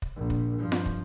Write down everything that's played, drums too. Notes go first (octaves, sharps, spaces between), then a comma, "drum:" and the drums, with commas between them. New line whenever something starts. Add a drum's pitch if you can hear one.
drum: kick
A#1
drum: kick
G2 F3
drum: snare F4
drum: kick